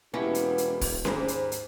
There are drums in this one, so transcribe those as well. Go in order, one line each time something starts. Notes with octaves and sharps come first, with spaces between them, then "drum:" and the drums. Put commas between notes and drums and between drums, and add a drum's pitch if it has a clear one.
E1 A#3 B3 C#4 E4 G4
drum: hi-hat
drum: hi-hat
drum: kick, open hi-hat
D#2 G#2 A#3 G#4 C5 B5, drum: snare C#4
drum: hi-hat
drum: hi-hat